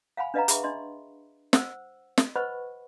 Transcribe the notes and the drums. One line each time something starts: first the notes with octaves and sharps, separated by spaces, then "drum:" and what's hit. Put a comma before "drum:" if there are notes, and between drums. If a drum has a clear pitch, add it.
F5 F#5 G#5 B5
D4 B4 D#5 F5 F#5 A#5
G#4 E5 B5 C#6, drum: hi-hat
D4 D#5 C6
C5 F#5 E6, drum: snare
drum: snare
B4 C5 D#5 F#5 B5 C#6